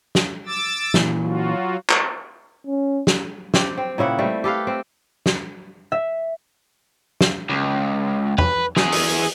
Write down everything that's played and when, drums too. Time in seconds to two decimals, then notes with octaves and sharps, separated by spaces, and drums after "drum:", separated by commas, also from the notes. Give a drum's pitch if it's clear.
0.15 drum: snare
0.46 D6 E6 A6
0.94 A#2 E3, drum: snare
1.23 F#3 F4 F#4
1.90 drum: clap
2.67 C#4
3.07 drum: snare
3.54 C4 G4, drum: snare
3.77 C4
3.98 A#2 C#3 E4 F#5
4.18 G3 A3 C4
4.44 G4 A4 B4 F5
4.67 C4
5.26 drum: snare
5.92 E5
7.21 drum: snare
7.49 C#2
8.38 B4, drum: tom E2
8.77 E3 G#4, drum: snare
8.92 drum: open hi-hat